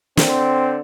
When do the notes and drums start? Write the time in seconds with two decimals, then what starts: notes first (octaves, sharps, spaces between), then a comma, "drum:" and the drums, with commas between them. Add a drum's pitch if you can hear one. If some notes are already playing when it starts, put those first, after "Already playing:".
0.17 D3 C4, drum: snare